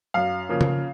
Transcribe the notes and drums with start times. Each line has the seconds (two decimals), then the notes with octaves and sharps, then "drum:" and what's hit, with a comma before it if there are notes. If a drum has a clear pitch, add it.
0.14 F#2 F5
0.49 C#3 F3 A#3
0.61 drum: tom C#3